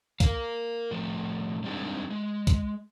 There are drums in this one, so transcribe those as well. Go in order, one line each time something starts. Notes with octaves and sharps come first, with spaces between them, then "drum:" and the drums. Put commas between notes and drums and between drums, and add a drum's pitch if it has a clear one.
A#4 F5, drum: kick, hi-hat
A2 F3 A3
G3 G#3 C4 D4 D#4 G#4
G#3
drum: kick, hi-hat